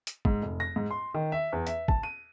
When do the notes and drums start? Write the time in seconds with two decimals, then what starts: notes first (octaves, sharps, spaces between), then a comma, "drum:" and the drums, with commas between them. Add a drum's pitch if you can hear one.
0.07 drum: hi-hat
0.25 G#2, drum: kick
0.42 F1
0.60 A#6
0.76 G#2
0.91 C6
1.14 D#3
1.32 E5
1.52 E2
1.67 E5, drum: hi-hat
1.88 A5, drum: kick
2.03 D#7